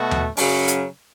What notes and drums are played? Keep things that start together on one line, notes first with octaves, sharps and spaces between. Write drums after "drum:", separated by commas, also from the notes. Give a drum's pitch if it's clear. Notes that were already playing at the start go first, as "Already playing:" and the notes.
Already playing: B2 A3 F#4
drum: tom D#2
F#2 C#3 F#3 C#4, drum: open hi-hat
drum: hi-hat